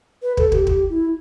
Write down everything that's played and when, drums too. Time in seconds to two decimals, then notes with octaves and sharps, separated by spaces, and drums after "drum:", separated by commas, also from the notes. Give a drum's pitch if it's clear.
0.22 B4
0.37 A4, drum: kick
0.52 G4, drum: kick
0.67 G4, drum: kick
0.89 E4